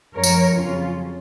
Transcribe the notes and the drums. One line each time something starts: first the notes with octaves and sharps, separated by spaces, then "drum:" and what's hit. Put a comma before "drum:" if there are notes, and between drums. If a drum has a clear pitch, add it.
F#2 F3 A#4 C#5
drum: tambourine
F2 C#3 F#3 C#4 F4